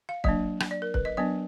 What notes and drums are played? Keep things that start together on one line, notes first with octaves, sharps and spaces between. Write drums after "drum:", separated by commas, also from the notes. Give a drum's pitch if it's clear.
F5
F#3 A#3 D4 D#5, drum: kick
drum: rim click
D5
A#4
B4, drum: kick
D#5
F#3 B3 D4 D#5